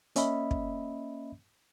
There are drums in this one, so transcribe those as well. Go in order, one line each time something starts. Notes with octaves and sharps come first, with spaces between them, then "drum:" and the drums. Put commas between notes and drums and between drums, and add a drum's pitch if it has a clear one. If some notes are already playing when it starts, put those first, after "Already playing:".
A#3 C#4 D#5 E5 B5, drum: hi-hat
drum: kick